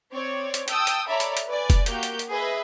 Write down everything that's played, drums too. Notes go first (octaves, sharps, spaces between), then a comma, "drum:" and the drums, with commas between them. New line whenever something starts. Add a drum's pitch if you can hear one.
C4 C#5 D5
drum: hi-hat
G5 A5 D#6 E6, drum: hi-hat
drum: hi-hat
A4 C#5 D5 E5 A#5 B5
drum: hi-hat
drum: hi-hat
B4 D5 G#5
drum: kick F1, hi-hat
A#3 F#4 G4 G6, drum: hi-hat
drum: hi-hat
drum: hi-hat
G#4 B4 D#5 E5